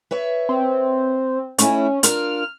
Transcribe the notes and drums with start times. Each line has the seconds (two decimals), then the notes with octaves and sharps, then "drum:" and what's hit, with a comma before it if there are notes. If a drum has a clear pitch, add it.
0.11 B4 C#5 E5
0.49 C4
1.58 A3 C#4 D#4 E4, drum: hi-hat
2.03 D4 F4 A#4 F6, drum: hi-hat